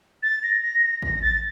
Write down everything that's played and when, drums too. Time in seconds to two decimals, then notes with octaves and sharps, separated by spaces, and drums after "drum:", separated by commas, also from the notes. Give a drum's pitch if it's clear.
0.23 A6
0.43 A#6
0.62 A#6
0.83 A#6
1.02 A#6, drum: kick A1
1.16 A#6
1.22 A6